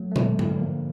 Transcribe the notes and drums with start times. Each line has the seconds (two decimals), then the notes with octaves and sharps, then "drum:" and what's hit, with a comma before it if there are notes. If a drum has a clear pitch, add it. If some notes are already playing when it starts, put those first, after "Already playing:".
Already playing: F#3 A3
0.11 A3
0.16 D3 G#3, drum: tom A#2
0.39 D3, drum: tom G#2
0.61 F3 A#3